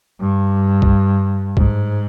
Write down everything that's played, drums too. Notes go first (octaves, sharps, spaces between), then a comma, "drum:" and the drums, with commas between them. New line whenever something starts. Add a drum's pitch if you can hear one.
G2
drum: kick
G#2, drum: kick